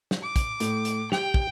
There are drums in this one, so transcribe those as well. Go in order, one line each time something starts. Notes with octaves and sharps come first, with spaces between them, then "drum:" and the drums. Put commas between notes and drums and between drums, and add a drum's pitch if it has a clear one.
drum: snare
D6
drum: kick, hi-hat
A2, drum: hi-hat
drum: hi-hat
G4 G5 F7, drum: snare
drum: kick